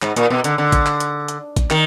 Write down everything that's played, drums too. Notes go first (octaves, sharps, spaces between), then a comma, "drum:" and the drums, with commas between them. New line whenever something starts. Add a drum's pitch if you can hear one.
G#2, drum: clap
A#2, drum: hi-hat
B2
D3, drum: hi-hat
D3
drum: kick A1, hi-hat
drum: clap
drum: hi-hat
drum: hi-hat
drum: kick A1, hi-hat
D#3, drum: clap